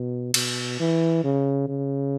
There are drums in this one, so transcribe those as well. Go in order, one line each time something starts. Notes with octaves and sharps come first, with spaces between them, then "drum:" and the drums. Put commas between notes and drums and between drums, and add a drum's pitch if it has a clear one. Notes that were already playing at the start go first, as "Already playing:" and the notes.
Already playing: B2
B2, drum: cymbal
E3
C#3
C#3